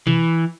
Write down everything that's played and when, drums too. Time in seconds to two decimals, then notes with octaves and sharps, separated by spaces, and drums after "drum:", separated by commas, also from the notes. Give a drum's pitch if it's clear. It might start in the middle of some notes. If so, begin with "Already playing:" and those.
0.07 E3, drum: tom B2